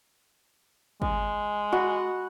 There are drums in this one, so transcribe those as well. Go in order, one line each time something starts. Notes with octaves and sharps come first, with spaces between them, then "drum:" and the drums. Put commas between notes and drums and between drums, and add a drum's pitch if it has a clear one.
G#3, drum: kick
F#4 F#5 B5